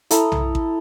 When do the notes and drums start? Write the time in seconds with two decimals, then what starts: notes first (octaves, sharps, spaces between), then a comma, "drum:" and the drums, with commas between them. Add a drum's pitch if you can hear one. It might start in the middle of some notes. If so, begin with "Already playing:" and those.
0.11 E4 A4 A#5 D#6, drum: hi-hat
0.32 drum: tom B1
0.55 drum: kick A1